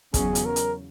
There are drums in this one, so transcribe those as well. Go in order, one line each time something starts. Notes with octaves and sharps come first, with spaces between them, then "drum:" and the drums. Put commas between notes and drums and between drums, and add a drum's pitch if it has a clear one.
E2 C#3 F#3 C#4 G#4, drum: kick, hi-hat
drum: hi-hat
A#4
drum: hi-hat